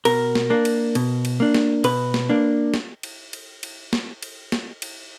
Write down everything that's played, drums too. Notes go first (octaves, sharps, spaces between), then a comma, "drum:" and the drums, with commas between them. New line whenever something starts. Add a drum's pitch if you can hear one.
B2 A#4, drum: cymbal
drum: snare
A#3 D4
drum: cymbal
B2, drum: cymbal
drum: cymbal
A#3 D4
drum: snare
B2 B4, drum: cymbal
drum: snare
A#3 D4
drum: snare
drum: cymbal
drum: cymbal
drum: cymbal
drum: snare
drum: cymbal
drum: snare
drum: cymbal